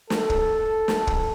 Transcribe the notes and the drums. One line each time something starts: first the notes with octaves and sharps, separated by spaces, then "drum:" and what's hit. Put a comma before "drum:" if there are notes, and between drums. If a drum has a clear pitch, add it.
A4, drum: snare
drum: kick
drum: snare
drum: kick